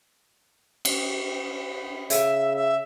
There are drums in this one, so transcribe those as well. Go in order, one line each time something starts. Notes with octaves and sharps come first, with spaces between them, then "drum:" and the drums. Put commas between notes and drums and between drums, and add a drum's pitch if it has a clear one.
drum: cymbal
C#3 E5, drum: hi-hat
E5